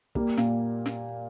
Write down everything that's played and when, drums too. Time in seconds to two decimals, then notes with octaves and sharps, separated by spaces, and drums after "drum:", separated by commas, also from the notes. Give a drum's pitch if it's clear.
0.15 G3 A#3, drum: kick
0.37 A#2, drum: snare
0.86 drum: snare